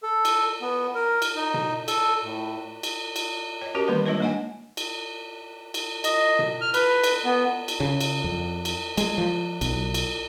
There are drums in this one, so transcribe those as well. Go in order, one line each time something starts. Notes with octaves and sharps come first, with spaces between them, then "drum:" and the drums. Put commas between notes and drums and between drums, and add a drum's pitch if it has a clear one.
A4
drum: cymbal
B3
A#4
drum: cymbal
D#4
drum: tom B2
A4, drum: cymbal
A2
drum: cymbal
drum: cymbal
C#5 D#5
C#4 F#4 G4 A#4
D#3 E3 G3 A#3 B3 B4
G3 G#3 D4 F4 C#5 D#5
A#3 D#4 D#5 F#5 G#5
drum: cymbal
drum: cymbal
D#5, drum: cymbal
drum: tom B2
F6
B4, drum: cymbal
drum: cymbal
B3
drum: cymbal
C#3
drum: cymbal
F2
drum: cymbal
G#3, drum: cymbal
F3
B1, drum: cymbal
drum: cymbal